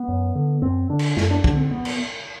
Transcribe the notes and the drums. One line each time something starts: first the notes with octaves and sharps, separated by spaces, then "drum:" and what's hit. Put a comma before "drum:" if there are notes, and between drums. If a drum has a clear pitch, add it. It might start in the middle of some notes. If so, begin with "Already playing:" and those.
Already playing: B3
F#2
D3
F#2 C4
D3 D4
drum: cymbal
F#2, drum: snare
D4
D3 D4, drum: kick
C4
B3
drum: cymbal